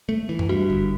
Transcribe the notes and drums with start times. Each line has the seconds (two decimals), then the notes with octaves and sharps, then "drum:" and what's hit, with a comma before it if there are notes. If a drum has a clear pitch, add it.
0.09 A3
0.29 E3
0.39 drum: tom F#2
0.49 G2 F#4
0.70 G1